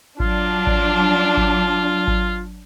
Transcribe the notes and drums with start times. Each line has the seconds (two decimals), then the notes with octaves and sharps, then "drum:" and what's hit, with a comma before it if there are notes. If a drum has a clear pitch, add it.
0.20 F#3 D4 F4, drum: kick G#1
0.67 drum: kick G#1
1.37 drum: kick G#1
2.08 drum: kick G#1